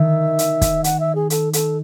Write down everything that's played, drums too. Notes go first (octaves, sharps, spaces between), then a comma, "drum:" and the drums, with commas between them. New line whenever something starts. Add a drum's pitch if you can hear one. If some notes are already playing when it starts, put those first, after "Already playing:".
Already playing: D#3 E5
drum: hi-hat
drum: kick, hi-hat
F#5, drum: hi-hat
E5
G#4
A4, drum: hi-hat
A4, drum: hi-hat